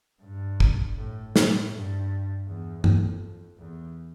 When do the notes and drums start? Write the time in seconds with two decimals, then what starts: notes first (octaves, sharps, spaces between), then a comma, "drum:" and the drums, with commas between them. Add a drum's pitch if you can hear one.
0.22 G2
0.60 drum: kick
0.97 A2
1.36 A2, drum: snare
1.72 G2
2.47 E2
2.84 F2, drum: tom G2
3.58 E2